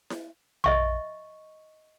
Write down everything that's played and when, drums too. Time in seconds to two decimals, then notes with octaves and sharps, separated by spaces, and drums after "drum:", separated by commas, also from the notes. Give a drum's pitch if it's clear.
0.10 drum: snare E4
0.64 D#5 E5 C#6, drum: tom A#1